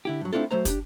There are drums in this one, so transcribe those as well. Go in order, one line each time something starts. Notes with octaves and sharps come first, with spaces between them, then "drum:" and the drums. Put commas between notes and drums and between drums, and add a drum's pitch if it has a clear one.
D3 E4 G4
G2 F#3
A3 C4 D4 E4 F4 A4
F#3 A3 C5 A#5
D4 D#4 G4, drum: kick, hi-hat